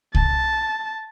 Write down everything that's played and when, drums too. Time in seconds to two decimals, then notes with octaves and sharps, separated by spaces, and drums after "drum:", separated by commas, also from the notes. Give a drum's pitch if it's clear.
0.15 A5, drum: kick C2